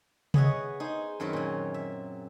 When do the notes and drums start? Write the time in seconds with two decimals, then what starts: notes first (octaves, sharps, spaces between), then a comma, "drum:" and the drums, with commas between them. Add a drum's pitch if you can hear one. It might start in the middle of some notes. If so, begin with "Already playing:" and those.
0.34 B3 G#4 C#5 D#5 E5 F#5, drum: tom C3
0.80 D#4 G#4 C5
1.20 F#2 D#3 C4 C#4 B4
1.33 A#2 F#3
1.74 E5